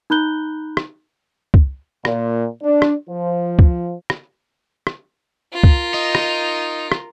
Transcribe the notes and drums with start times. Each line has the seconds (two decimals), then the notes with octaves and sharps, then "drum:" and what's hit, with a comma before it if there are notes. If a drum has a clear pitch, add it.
0.10 D#4 A#5 B5 F#6 G6 G7
0.77 drum: rim click
1.54 drum: kick
2.05 A#2, drum: rim click
2.63 D4
2.82 drum: rim click
3.10 F3
3.59 drum: kick
4.10 drum: rim click
4.87 drum: rim click
5.53 F4 A#4
5.64 drum: kick
5.94 D#4
6.15 drum: rim click
6.92 drum: rim click